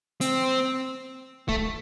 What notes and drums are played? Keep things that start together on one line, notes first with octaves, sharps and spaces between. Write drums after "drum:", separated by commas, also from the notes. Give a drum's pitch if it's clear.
C4, drum: hi-hat
A3, drum: kick